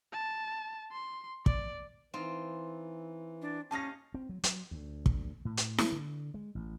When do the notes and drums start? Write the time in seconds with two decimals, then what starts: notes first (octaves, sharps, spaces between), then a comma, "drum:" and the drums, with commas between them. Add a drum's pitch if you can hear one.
0.13 A5
0.92 C6
1.46 D5, drum: kick
2.14 E3 C4 D#4 F4
3.42 D4
3.71 C#4 G4 D#5 F5 A5 A#6
4.14 C4
4.29 F#3
4.44 F#3, drum: hi-hat
4.71 D2
5.06 drum: kick
5.45 A2
5.57 drum: hi-hat
5.78 F#3, drum: snare E4
5.92 D3
6.34 G#3
6.55 A1